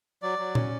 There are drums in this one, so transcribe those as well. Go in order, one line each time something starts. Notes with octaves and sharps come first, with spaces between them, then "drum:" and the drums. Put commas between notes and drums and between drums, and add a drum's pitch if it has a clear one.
F#3 D5
F#3
C#4, drum: tom A#2